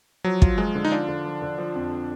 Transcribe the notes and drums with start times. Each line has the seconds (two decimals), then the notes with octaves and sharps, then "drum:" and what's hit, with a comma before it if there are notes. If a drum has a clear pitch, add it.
0.24 F3 F#3
0.42 F4, drum: kick
0.58 F3 G#3
0.75 D3
0.85 D#4
0.92 D4 F4
1.08 D3
1.25 F3
1.42 D3
1.58 F3
1.75 F2